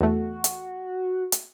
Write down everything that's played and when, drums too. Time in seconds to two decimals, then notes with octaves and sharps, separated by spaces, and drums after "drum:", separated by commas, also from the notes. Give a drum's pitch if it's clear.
0.01 E2 A3 F#4
0.44 drum: hi-hat
1.32 drum: hi-hat